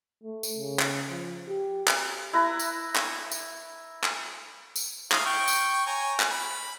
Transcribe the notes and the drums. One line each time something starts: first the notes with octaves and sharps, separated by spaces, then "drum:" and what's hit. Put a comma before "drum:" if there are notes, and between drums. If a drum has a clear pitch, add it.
A3
drum: tambourine
C#3
drum: clap
F3
G4
drum: clap
E4 B4 A#5
drum: tambourine
drum: clap
drum: tambourine
drum: clap
drum: tambourine
E4 F5 D#6, drum: clap
G5 C#6
drum: tambourine
C#5 G#5 A#5
drum: clap
B5